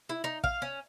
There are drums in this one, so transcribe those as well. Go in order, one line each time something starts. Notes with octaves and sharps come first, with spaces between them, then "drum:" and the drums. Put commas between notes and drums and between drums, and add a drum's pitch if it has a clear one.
E4
D#4
F5, drum: kick
C#4